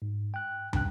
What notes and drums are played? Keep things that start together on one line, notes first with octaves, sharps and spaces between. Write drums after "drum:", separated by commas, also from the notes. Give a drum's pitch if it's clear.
G#2
G5 F#6
G2 C3 G5 F#6, drum: tom